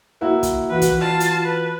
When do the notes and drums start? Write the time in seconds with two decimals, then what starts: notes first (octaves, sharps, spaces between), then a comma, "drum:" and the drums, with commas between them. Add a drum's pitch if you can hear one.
0.21 A#3 E4 F#4
0.43 drum: kick, hi-hat
0.70 E3 F#4 B4
0.82 drum: kick, hi-hat
1.01 F4 A5
1.20 drum: hi-hat
1.44 B4